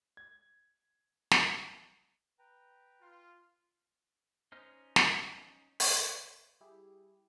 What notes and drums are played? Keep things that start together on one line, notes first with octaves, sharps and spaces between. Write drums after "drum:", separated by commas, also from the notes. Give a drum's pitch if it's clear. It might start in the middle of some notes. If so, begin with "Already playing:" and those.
G#6
drum: snare
B4 G5 A#5
F4
C#4 D#4 C5 D#5 F6
drum: snare
drum: open hi-hat
G3 E4 G4 G#4